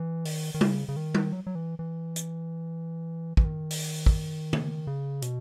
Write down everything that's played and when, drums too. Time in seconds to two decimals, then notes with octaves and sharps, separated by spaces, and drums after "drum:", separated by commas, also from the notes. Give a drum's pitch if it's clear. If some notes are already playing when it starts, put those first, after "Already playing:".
Already playing: E3
0.25 D#3, drum: open hi-hat
0.54 D#3
0.61 C#3, drum: tom G3
0.89 C#3
0.96 D#3
1.15 drum: tom G3
1.33 F#3
1.47 F#3
1.55 E3
1.79 E3
2.16 drum: hi-hat
3.37 E3, drum: kick
3.45 D#3
3.71 drum: open hi-hat
4.06 drum: kick
4.53 drum: tom
4.87 C#3
5.22 B2, drum: hi-hat